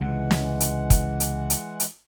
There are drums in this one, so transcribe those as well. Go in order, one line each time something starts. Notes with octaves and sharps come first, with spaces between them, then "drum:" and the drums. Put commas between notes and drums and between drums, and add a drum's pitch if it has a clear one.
C#2 C3 E3 G#3 F#5
drum: snare
drum: hi-hat
drum: kick, hi-hat
drum: hi-hat
drum: hi-hat
drum: hi-hat